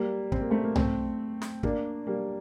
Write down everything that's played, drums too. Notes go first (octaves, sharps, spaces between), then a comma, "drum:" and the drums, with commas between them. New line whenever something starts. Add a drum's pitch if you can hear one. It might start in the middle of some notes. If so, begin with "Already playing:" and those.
Already playing: G3 A#3
C4, drum: kick
A#3
A3 C4
A#3
A3 C4, drum: tom C2
drum: snare
A#3 D4, drum: kick
G3 A#3